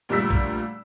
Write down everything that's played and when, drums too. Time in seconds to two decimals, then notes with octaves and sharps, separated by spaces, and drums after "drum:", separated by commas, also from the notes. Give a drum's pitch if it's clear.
0.09 D2 A#2 F3 G3 E6 B6
0.30 drum: kick A#1, hi-hat